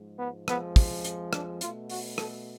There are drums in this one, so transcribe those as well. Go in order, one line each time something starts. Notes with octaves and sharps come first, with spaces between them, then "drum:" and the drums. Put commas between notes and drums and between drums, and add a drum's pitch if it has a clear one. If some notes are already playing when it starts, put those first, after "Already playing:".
Already playing: G#2 F3 G#3
B3
F2 F3 G#3 B3, drum: rim click
drum: kick, open hi-hat
drum: hi-hat
D4, drum: rim click
B2 A3 F4, drum: hi-hat
F#4, drum: open hi-hat
A4, drum: rim click